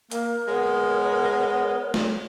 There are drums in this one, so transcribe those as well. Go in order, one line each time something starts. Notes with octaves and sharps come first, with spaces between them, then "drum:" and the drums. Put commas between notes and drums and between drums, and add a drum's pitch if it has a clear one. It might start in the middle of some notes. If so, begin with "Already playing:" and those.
A#3 A#4, drum: hi-hat
G#3 B3 C#5
drum: snare